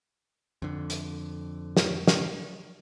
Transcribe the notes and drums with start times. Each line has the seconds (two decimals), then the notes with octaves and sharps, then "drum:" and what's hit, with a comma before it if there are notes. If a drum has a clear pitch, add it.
0.62 F2 D3
0.90 drum: hi-hat
1.77 drum: snare
2.08 drum: snare